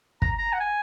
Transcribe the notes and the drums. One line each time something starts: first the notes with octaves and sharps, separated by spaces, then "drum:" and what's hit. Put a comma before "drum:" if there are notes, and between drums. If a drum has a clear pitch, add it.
A#5, drum: kick
A#5
F#5
G#5